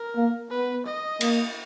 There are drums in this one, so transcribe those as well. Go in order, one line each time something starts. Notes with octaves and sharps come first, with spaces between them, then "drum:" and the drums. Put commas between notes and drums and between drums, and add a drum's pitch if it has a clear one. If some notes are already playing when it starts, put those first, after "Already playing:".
Already playing: A#4
A#3
B3 B4
D#5
A#3, drum: cymbal